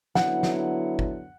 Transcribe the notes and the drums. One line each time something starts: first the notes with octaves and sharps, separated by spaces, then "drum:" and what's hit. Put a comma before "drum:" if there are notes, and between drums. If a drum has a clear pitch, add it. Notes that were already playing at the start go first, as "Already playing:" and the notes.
D3 F#3 B3 E4 F#5, drum: snare
drum: snare
drum: kick